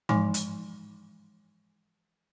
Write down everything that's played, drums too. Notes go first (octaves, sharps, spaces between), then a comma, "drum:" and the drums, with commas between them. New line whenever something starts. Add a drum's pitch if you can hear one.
E3 F3 G#3 D#4 G#5 C6, drum: tom G#2
drum: hi-hat